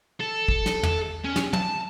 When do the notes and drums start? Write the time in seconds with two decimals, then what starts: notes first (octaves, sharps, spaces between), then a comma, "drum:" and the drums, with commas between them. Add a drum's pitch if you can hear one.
0.20 A4
0.48 drum: kick
0.66 drum: snare
0.83 drum: tom
1.25 C#4
1.36 drum: snare
1.53 A5, drum: tom